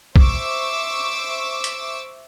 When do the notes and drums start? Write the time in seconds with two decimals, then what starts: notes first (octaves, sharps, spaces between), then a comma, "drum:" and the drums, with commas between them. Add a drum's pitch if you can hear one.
0.16 C5 E5 C#6 D6 E6, drum: kick
1.64 drum: hi-hat